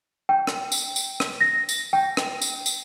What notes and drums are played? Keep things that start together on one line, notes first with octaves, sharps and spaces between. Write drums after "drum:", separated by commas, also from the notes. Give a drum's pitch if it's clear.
G5
drum: rim click
drum: tambourine
drum: tambourine
drum: rim click
A#6
drum: tambourine
G5
drum: rim click
drum: tambourine
drum: tambourine